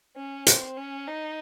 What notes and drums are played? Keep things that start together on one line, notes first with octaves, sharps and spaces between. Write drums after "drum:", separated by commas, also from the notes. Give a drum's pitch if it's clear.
C#4
C4, drum: hi-hat
C#4
D#4